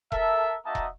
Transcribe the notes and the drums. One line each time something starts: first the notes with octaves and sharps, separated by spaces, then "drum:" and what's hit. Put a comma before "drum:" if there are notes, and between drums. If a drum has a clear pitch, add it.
A4 A#4 E5, drum: kick E1
A#3 D#4 F#4 D#5 E5 A5
drum: kick E1